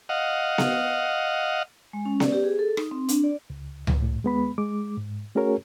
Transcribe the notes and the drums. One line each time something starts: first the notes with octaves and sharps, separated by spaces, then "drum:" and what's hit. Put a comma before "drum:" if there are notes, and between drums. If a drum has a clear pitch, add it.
D#5 F5 F#5
drum: snare B3
G#3
C#4
D5, drum: snare B3
G4
G#4
A4
D#4, drum: rim click
C4
D4, drum: hi-hat
D5
C#2
drum: tom C#2
A2
D#2 G#3 B3 B5
G#3 D6
G#2
A3 C#4 F#4 G#4 A#4 C#5